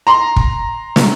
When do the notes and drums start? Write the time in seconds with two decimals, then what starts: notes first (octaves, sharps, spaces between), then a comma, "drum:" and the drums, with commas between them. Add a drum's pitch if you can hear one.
0.07 A#5 C6
0.36 drum: kick
0.96 drum: snare